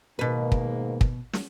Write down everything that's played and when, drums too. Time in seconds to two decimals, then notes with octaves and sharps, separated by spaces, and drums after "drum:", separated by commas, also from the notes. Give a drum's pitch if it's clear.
0.19 G#2 B2 D#3 A#3 B4
0.52 drum: kick
1.01 drum: kick
1.33 drum: snare